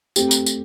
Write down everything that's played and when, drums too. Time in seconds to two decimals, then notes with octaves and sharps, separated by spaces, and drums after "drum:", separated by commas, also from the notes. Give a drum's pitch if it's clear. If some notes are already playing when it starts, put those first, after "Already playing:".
0.16 A3 C4 G4, drum: tambourine
0.31 drum: tambourine
0.46 drum: tambourine